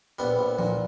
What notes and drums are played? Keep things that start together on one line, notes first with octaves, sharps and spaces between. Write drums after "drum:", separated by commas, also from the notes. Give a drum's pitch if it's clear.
A#1 G3 B3
A#1
A#2, drum: tom F3